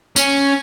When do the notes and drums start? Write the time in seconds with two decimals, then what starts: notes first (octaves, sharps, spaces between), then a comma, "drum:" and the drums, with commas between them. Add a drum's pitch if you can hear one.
0.16 C#4, drum: tambourine